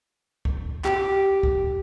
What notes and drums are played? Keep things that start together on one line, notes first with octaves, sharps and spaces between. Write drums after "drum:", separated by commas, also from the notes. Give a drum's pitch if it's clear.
drum: kick
G4, drum: clap
drum: kick